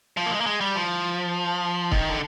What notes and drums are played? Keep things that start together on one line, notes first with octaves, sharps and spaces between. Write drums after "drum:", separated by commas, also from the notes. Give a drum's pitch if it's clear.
F3
A#3
G#3
A#3
G#3
G3
F3
D#3, drum: kick
D3